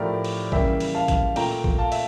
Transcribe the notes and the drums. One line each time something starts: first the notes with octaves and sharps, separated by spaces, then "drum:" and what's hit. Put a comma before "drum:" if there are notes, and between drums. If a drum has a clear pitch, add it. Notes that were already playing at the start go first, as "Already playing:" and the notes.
Already playing: A2 F3 A3 G4 A#4 D5
drum: open hi-hat
C#3 E3 G3 A#3 E5 G5, drum: kick
drum: open hi-hat
F5 A5
drum: kick, hi-hat
A#2 A3 G5 A#5, drum: open hi-hat
drum: kick
F5 A5
E5, drum: open hi-hat